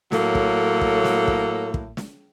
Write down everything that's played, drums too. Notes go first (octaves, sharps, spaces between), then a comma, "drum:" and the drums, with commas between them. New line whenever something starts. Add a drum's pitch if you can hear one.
A2 F#3 A#3 A4, drum: snare
drum: kick
drum: kick
drum: snare
drum: kick
drum: kick
drum: snare